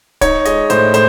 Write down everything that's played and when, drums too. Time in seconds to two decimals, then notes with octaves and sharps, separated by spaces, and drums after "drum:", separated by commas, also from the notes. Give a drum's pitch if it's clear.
0.21 D#4 C#5, drum: kick D1, hi-hat
0.45 G#3 D#5, drum: hi-hat
0.70 A2 C5, drum: hi-hat
0.94 A2 C5, drum: hi-hat